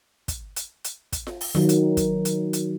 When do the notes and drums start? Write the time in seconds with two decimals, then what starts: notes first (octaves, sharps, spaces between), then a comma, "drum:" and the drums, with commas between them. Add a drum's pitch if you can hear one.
0.28 drum: kick, hi-hat
0.56 drum: hi-hat
0.84 drum: hi-hat
1.13 drum: kick, hi-hat
1.27 drum: snare F4
1.41 drum: open hi-hat
1.55 D#3 F#3, drum: snare F4
1.69 drum: hi-hat
1.97 drum: kick, hi-hat
2.25 drum: hi-hat
2.53 drum: hi-hat